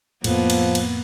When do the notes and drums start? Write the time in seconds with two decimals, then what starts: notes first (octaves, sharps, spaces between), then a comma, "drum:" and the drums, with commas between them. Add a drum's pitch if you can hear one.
0.24 F2 A2 F3 A#3 B3, drum: cymbal
0.50 drum: cymbal
0.75 drum: cymbal